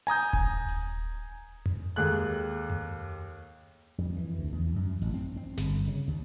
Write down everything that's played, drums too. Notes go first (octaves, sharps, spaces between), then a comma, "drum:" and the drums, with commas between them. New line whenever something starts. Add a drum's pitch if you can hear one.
G#5 A#5 D#6 G6
drum: kick D#1
drum: open hi-hat
drum: tom F2
D#2 G#3 A4 F#6
drum: tom F2
F2
E3
D2
E2
F#2
A1, drum: open hi-hat
C4
C4
G1, drum: snare
C#3
D#2